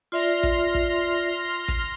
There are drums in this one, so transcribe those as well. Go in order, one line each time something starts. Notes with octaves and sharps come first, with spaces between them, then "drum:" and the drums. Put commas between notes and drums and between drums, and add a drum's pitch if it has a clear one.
F4 D5 E5 C6 F6 A#6
drum: kick, hi-hat
drum: kick
drum: kick, hi-hat